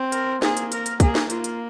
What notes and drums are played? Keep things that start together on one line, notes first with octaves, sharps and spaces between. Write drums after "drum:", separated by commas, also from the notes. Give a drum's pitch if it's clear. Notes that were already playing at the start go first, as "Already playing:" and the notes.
Already playing: C4
A#4, drum: hi-hat
A#3 G#4, drum: snare
drum: hi-hat
A#4, drum: hi-hat
drum: hi-hat
A#3 G#4, drum: kick, hi-hat
drum: snare
A#3 F4, drum: hi-hat
drum: hi-hat